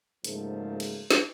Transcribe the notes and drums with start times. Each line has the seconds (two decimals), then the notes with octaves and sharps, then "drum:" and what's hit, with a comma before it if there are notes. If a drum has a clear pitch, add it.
0.24 G#2 C#3 F3 F#3 A3 A#3, drum: hi-hat
0.80 drum: cymbal
1.11 drum: snare